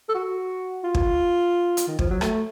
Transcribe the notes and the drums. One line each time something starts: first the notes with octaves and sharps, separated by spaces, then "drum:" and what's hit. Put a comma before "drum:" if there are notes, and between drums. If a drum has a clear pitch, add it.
A4
F#4
F4
drum: kick
drum: hi-hat
D#3
F3, drum: kick
F#3
A3, drum: rim click